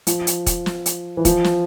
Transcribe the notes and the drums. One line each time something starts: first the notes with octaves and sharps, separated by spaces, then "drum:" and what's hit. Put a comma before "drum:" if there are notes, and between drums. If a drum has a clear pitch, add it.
F3, drum: hi-hat
drum: hi-hat
drum: kick, hi-hat
drum: snare
drum: hi-hat
E3
F3, drum: kick, hi-hat
drum: snare